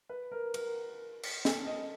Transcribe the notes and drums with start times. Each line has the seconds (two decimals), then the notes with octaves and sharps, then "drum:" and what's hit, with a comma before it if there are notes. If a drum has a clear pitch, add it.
0.09 B4
0.31 A#4
0.54 A#4, drum: cymbal
1.23 drum: cymbal
1.45 A4, drum: snare
1.67 D#5